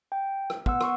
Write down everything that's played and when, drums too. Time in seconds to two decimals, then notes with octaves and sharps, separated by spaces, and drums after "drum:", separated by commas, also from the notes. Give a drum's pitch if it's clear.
0.12 G5
0.50 drum: rim click
0.66 B3 F#5 E6, drum: kick
0.81 C6 C#6, drum: rim click